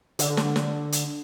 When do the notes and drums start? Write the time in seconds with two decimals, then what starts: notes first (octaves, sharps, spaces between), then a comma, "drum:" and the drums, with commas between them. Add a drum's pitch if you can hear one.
0.19 D3, drum: hi-hat
0.37 drum: snare
0.56 drum: snare
0.92 drum: hi-hat